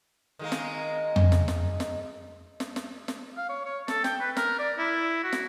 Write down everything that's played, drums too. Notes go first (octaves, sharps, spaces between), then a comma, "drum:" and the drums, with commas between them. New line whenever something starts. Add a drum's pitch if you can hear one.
D#3 G#3 A#3
drum: snare
drum: tom F2
drum: snare
drum: snare
drum: snare
drum: snare
drum: snare
drum: snare
F5
C#5
C#5
A4, drum: snare
G5, drum: snare
B4
A#4, drum: snare
D5
E4
F#4
drum: snare